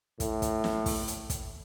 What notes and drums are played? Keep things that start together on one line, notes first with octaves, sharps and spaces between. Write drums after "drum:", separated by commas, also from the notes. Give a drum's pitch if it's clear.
A2, drum: kick, hi-hat
drum: kick, hi-hat
drum: snare
drum: kick, open hi-hat
drum: hi-hat
drum: kick, hi-hat